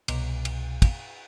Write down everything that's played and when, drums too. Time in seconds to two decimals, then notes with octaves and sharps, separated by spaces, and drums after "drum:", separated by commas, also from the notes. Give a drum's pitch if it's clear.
0.08 C2 B2, drum: cymbal
0.45 drum: cymbal
0.82 drum: kick, cymbal